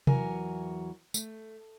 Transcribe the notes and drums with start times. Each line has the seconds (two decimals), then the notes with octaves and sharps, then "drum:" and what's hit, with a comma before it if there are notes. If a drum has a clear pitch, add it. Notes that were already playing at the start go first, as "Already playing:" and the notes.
0.07 E2 E3 F#3 F#4 A#4 G#5, drum: tom C3
1.14 A3, drum: tambourine